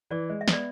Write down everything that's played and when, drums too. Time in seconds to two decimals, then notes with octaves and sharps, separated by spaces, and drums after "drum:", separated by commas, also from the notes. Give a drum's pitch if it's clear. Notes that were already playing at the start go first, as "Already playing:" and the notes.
0.11 E3 D5
0.30 G#3
0.41 E5
0.48 B3, drum: snare
0.53 D5